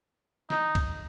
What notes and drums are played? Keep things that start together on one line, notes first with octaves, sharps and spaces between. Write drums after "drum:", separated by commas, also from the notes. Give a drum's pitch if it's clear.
D#4, drum: snare
drum: kick, cymbal